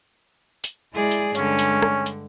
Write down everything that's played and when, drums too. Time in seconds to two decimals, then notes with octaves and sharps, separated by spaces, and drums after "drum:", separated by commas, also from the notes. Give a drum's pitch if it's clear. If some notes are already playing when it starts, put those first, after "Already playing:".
0.64 drum: hi-hat
0.93 G#3 E4 G#4 D5
1.11 drum: hi-hat
1.35 G2 D3 G#3 C#4, drum: hi-hat
1.59 drum: hi-hat
1.82 drum: rim click
2.06 drum: hi-hat